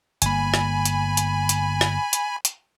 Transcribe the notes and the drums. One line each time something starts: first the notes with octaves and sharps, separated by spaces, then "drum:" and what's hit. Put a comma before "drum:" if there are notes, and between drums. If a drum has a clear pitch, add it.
G1 A#3 G#5 B5, drum: hi-hat
drum: rim click
drum: hi-hat
drum: hi-hat
drum: hi-hat
drum: rim click
drum: hi-hat
drum: hi-hat